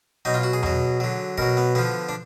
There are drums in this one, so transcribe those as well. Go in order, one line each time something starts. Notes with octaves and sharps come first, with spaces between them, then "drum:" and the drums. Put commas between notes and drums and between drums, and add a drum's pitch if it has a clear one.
B2 F#3 D#4
F4
F#4
G#4
B2 F#3, drum: tom E2
D3 F#3
B2 F#3 A#4, drum: kick
B3
D3 F3 B3
D4